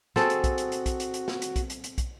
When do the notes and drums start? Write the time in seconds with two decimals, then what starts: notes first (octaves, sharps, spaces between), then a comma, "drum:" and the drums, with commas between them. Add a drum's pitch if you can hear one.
0.16 C4 F#4 G#4 A4, drum: snare
0.30 drum: hi-hat
0.44 drum: kick, hi-hat
0.58 drum: hi-hat
0.72 drum: hi-hat
0.86 drum: kick, hi-hat
1.00 drum: hi-hat
1.14 drum: hi-hat
1.28 drum: snare
1.42 drum: hi-hat
1.56 drum: kick, hi-hat
1.70 drum: hi-hat
1.84 drum: hi-hat
1.98 drum: kick, hi-hat